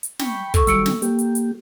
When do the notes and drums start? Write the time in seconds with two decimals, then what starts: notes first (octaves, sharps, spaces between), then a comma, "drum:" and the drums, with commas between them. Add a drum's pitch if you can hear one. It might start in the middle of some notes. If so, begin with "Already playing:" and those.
0.03 drum: hi-hat
0.19 G5 B5 C#6, drum: snare
0.54 A4 C#6, drum: kick, hi-hat
0.67 D#3 F#3 G3 E6 C#7 D7, drum: hi-hat
0.86 drum: snare
1.02 A#3 G4, drum: hi-hat
1.19 drum: hi-hat
1.35 drum: hi-hat